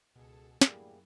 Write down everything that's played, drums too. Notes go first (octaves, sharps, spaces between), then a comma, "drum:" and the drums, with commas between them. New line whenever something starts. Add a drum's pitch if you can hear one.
C#2 B2 G#4 A4
F#2 A2 D3 E3 G3 A#3 G4 G#4, drum: snare